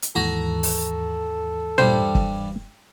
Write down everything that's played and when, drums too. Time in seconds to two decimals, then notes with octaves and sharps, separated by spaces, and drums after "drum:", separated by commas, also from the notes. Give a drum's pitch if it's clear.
0.02 drum: hi-hat
0.15 D#2 G#2 E3 F#4 A4 A#5
0.63 drum: open hi-hat
1.78 G2 G3 C5, drum: tom
2.15 drum: kick